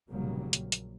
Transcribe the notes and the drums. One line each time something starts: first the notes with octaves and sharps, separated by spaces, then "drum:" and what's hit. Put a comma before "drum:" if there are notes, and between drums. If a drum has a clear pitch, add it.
F1 A#2 C#3 F#3 G3 A#3
A#1, drum: hi-hat
drum: hi-hat